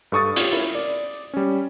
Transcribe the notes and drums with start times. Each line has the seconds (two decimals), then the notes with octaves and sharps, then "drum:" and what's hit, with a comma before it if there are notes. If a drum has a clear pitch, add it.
0.12 G2 A4 C#6 D#6 A6
0.36 F4 G4, drum: hi-hat
0.52 E4 A#4
0.75 D5
1.34 G3 C#4